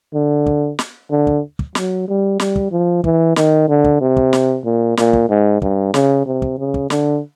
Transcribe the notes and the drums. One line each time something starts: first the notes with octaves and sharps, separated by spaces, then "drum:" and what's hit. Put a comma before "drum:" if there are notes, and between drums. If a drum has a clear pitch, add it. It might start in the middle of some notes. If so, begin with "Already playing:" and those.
D3
drum: kick
drum: snare
D3
drum: kick
drum: kick
F#3, drum: snare
G3
G3, drum: snare
drum: kick
F3
E3, drum: kick
D#3, drum: snare
D3
drum: kick
C3
drum: kick
drum: snare
A#2
A#2, drum: snare
drum: kick
G#2
G2, drum: kick
C#3, drum: snare
C3
drum: kick
C#3
drum: kick
D3, drum: snare